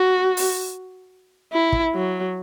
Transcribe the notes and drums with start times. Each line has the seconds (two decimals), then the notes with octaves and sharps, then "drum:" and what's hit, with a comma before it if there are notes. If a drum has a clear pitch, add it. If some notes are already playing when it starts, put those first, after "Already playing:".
Already playing: F#4
0.37 drum: open hi-hat
1.53 E4
1.72 drum: kick
1.94 F#3